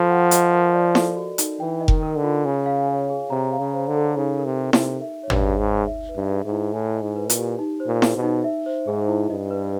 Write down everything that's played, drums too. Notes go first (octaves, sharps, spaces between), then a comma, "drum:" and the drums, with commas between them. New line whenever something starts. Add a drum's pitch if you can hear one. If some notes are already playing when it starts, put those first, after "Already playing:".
Already playing: F3 A4 B5
F#5
D#5, drum: hi-hat
A#4
D5
A4, drum: snare E4
F#4
D#4, drum: hi-hat
E3 G5
D#5
D#3, drum: kick F1
A#4
D3
F4
C#3 G#5
F5
C#5
G#4
C3 A#5
F5
C#3
C5
D3
A4
C#3 D#4
A#4
C3
G4
C3, drum: snare E4
D#4
E5
C#5
G2, drum: tom
G#4
G#2
D#4
E5
B4
G2
G#4
G#2
E4
A2 G#5
D#5
G#2
B4
A#2, drum: hi-hat
G4
D#4
C5
A#2
G#4, drum: snare E4
B2
D#4
E5
C5
G#2 G#4
E4
G2 D#5
B4